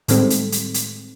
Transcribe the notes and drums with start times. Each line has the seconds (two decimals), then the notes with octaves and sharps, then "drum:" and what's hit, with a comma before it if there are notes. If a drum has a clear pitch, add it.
0.08 A2 D#3 G3 G#3 C4 A4, drum: hi-hat
0.30 drum: hi-hat
0.52 drum: hi-hat
0.74 drum: hi-hat